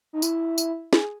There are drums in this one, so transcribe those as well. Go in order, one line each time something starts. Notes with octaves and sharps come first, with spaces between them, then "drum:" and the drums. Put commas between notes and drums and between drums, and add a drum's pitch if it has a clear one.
D#4
E4, drum: tambourine
drum: tambourine
G#4, drum: snare